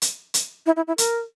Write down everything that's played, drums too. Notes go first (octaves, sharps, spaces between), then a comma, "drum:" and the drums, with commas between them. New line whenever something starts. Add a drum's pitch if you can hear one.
drum: hi-hat
drum: hi-hat
E4
E4
E4
A#4, drum: hi-hat